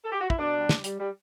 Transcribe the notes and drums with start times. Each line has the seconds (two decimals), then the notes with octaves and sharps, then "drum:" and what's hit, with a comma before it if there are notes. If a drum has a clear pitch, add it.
0.04 A4
0.12 G4
0.21 F#4
0.30 E4, drum: kick
0.39 B2 D4
0.54 G3
0.69 G3, drum: snare
0.84 G3, drum: hi-hat
1.00 G3